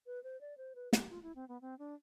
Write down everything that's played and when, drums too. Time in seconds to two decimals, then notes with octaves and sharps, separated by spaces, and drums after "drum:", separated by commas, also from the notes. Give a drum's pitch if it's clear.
0.06 B4
0.24 C5
0.41 D5
0.57 C5
0.75 B4
0.93 G4, drum: snare
1.10 F4
1.23 E4
1.35 C4
1.48 B3
1.61 C4
1.79 D4